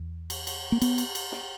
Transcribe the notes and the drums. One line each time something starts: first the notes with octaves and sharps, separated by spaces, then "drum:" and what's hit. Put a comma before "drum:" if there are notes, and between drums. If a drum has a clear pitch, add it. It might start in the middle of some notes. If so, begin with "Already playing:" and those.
Already playing: E2
drum: cymbal
drum: cymbal
A#3
B3, drum: cymbal
drum: cymbal
drum: cymbal
drum: snare